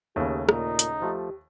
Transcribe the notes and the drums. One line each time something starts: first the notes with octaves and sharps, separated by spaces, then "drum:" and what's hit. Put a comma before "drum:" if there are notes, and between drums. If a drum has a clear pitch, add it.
D#2 C#3 A3 G4
A#2 D#4, drum: rim click
drum: hi-hat
F3 A3 G4